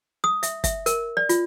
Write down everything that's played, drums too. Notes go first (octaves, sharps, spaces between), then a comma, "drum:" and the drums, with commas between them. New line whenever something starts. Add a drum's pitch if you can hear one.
D#6
E5, drum: hi-hat
E5, drum: kick, hi-hat
A#4, drum: hi-hat
D5
F4, drum: hi-hat